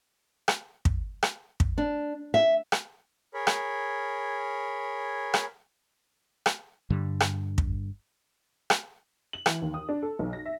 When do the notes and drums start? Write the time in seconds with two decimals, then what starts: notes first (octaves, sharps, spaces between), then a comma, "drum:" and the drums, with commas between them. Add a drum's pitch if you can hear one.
0.48 drum: rim click
0.85 drum: kick
1.23 drum: rim click
1.60 drum: kick
1.78 D4
2.34 E5
2.72 drum: rim click
3.34 G#4 A#4 C#5 B5
3.47 drum: rim click
5.34 drum: rim click
6.46 drum: rim click
6.90 G2 D3 G3
7.20 drum: rim click
7.58 drum: kick
8.70 drum: rim click
9.33 F#7
9.46 E3, drum: rim click
9.62 D#2
9.74 D#6
9.89 D4
10.02 A4
10.19 B1
10.33 A#6
10.46 E5